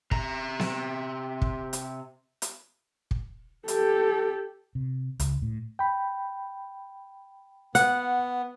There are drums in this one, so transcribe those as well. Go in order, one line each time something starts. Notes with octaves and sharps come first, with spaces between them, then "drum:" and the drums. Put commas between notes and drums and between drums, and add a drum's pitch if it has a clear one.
C3 A#5, drum: kick
drum: snare B3
drum: kick
drum: hi-hat
drum: hi-hat
drum: kick
G4 A4, drum: hi-hat
C3
C#2, drum: hi-hat
A2
G5 B5
B3 F#5, drum: hi-hat